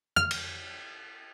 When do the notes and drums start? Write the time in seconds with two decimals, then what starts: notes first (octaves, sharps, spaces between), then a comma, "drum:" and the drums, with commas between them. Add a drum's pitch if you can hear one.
0.16 F6, drum: tom
0.31 drum: cymbal